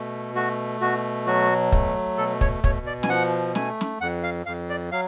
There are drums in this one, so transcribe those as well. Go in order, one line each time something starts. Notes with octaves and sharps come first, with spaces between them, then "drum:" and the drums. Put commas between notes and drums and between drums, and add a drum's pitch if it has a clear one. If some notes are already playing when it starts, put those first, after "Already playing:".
Already playing: B2 A3
A3 F#4
B2 F#4
F#3 F#4
A3, drum: kick
B2 A4
C#5, drum: kick
B2 C#5, drum: kick
D5
G#5, drum: snare
F3 F#5
A3 G#5, drum: snare
drum: snare
F2 F#5
F5
F2 F5
D5
F#3 F5